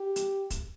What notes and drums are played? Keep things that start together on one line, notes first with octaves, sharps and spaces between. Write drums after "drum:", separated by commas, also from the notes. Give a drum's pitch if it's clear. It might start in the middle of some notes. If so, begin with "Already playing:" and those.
Already playing: G4
drum: hi-hat
drum: kick, hi-hat